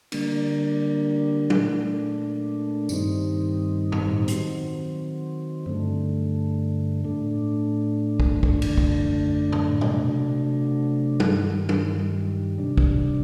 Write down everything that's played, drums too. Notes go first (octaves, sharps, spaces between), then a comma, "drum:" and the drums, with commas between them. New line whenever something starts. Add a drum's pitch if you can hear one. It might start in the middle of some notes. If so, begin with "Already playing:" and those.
D3 G3 A#3 D4, drum: cymbal
A#2 A3 D4, drum: tom F#3
G2 D#3 G3 C4 D#4, drum: tambourine
drum: tom A2
D#3 F#3 C4, drum: hi-hat
G2 D3 A3
A2 A3 D4
drum: kick
F#2 D3 A3 D4, drum: kick
drum: cymbal
drum: kick
drum: tom A2
C3 F#3 A3 D4, drum: tom
G2 D#3 G3, drum: tom F#3
drum: tom F#3
C3 G3 D4
drum: kick